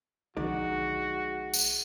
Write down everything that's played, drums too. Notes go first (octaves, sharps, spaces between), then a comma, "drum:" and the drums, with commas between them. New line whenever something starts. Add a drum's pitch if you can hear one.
B1 D3 F3 G#3 D#4 F#4 D5
drum: tambourine